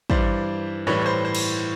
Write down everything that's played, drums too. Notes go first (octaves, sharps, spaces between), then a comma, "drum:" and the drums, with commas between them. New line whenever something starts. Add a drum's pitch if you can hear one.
G2 E3 G3 C5 D5, drum: kick
A2 E3 G3 B4 C#5
C#5
C5
C5
drum: cymbal